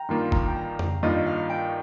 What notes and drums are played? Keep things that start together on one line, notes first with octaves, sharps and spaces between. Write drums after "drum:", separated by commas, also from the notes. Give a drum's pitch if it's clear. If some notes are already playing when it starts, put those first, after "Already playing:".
Already playing: F5 G5 A#5
G2 D#3 A#3 F4 C6
A#5, drum: kick
G5
A#5
F5, drum: tom
G2 D#3 A#3 F4 D#5
F5
G5